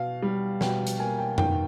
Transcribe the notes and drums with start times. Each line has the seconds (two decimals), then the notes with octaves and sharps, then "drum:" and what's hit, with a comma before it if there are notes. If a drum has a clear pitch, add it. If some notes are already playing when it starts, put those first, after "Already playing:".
Already playing: B2 F5
0.22 G3
0.61 B2 G5, drum: snare
0.87 drum: hi-hat
0.99 A#3 G#5
1.19 G5
1.38 D#3 G5, drum: tom